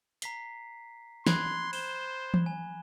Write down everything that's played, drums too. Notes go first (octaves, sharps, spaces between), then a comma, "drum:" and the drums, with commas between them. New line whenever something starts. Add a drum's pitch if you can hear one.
A#5 B6 C7, drum: hi-hat
B5 C6 F#6 G#6, drum: snare
C5 E7 G7, drum: open hi-hat
drum: tom E3
G#5